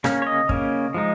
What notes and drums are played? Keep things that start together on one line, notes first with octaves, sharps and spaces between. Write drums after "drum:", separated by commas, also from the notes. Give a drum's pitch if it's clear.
C#3 A#3 C#4, drum: rim click
C#5
D#5
C#3 A#3 C#4, drum: kick
F3 G#3 D#4